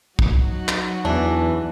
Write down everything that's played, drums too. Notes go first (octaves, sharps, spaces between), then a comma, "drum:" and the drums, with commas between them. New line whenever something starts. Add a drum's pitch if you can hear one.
F#3 D#4 F#4, drum: kick
drum: clap
E2 E3 D4